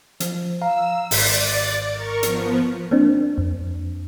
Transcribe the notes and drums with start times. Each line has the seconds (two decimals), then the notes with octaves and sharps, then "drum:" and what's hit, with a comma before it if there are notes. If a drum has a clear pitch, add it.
0.20 F3, drum: hi-hat
0.62 F5 A#5 E6
1.11 G#1 G#2 D5 A6 B6, drum: open hi-hat
1.92 A#4 C#6
2.23 F3 B3, drum: hi-hat
2.91 A#3 C4 D4
3.38 F2